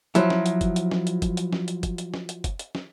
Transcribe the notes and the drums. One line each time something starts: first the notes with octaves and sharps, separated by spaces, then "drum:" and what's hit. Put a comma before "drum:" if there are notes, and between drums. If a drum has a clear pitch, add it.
F3 F#3 E4, drum: hi-hat
drum: snare
drum: hi-hat
drum: kick F#1, hi-hat
drum: hi-hat
drum: snare
drum: hi-hat
drum: kick F#1, hi-hat
drum: hi-hat
drum: snare
drum: hi-hat
drum: kick F#1, hi-hat
drum: hi-hat
drum: snare
drum: hi-hat
drum: kick F#1, hi-hat
drum: hi-hat
drum: snare